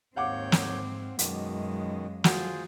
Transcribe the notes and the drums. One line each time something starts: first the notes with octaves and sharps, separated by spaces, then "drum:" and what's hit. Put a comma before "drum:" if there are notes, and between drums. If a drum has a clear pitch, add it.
D#2 G#2 C4 C#5 F5 F#5 D6 G6
drum: snare
F#2 B2 D#3 G#3, drum: hi-hat
F4 F#4 G#4 C5, drum: snare